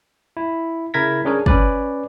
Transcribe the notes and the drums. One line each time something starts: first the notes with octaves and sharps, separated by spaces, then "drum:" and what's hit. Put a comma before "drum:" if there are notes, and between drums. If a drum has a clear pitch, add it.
E4
C#3 E4 A#4 G#6 A#6 B6
C#4 D4 G#4 A#4 C#5 G#5
C#4 B4 D5, drum: kick